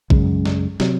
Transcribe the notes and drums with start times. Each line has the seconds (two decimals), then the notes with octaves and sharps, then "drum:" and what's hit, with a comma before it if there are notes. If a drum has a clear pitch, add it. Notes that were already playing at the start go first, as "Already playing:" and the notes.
0.10 F#2 C#3 G#3, drum: kick A#1
0.45 drum: snare
0.80 C3 F#3, drum: snare